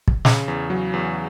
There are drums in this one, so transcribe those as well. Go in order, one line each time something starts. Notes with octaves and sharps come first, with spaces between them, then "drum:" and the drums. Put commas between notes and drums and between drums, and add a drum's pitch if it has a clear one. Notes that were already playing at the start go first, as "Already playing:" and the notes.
drum: kick
C#3, drum: snare
E2
F#3
E2